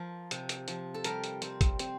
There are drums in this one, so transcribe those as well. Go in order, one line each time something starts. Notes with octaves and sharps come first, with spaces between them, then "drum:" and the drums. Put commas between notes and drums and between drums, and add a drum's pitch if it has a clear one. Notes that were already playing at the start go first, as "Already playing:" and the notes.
Already playing: F3 A#4
C3, drum: hi-hat
drum: hi-hat
F3, drum: hi-hat
A4
G3 A#4, drum: hi-hat
drum: hi-hat
C4, drum: hi-hat
drum: kick, hi-hat
C4, drum: hi-hat